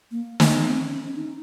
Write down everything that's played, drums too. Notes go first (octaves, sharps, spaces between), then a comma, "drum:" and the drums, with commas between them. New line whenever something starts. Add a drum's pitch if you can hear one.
A#3
B3, drum: snare
B3
C4
C#4
C#4
D#4